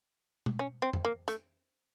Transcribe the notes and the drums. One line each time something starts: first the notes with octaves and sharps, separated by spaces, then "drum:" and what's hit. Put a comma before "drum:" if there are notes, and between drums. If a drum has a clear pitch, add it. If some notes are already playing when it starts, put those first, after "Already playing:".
drum: tom B2
C#4
C4
drum: tom F2
A#3
A3, drum: hi-hat